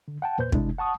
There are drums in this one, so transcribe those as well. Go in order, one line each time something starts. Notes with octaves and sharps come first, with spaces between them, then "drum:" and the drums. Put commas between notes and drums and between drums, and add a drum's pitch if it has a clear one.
D3
F#5 G5 A5
E2 A#2 B4 C5 G6
C3 G#3 D4 E4, drum: kick
F#5 A5 C#6 D#6